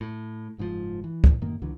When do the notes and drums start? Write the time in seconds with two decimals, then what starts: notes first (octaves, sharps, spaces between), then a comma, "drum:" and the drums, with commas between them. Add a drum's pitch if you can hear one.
0.01 A2
0.58 F#1 G#2 C#3 F3
1.04 E3
1.24 drum: kick
1.42 F#2 D#3 A#3
1.62 C#2 D3 E3 F#3